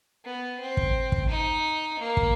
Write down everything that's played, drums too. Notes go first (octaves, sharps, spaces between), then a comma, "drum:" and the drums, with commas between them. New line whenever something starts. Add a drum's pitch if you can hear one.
B3
C4
drum: kick
drum: kick
D#4
A#3
drum: kick